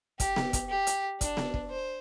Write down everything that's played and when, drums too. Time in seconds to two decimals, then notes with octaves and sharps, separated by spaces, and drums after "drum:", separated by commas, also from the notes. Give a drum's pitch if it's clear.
0.20 G4, drum: kick, hi-hat
0.36 drum: snare B3
0.53 drum: kick, hi-hat
0.69 G4
0.87 drum: hi-hat
1.21 D4, drum: kick, hi-hat
1.37 drum: snare B3
1.54 drum: kick
1.70 C5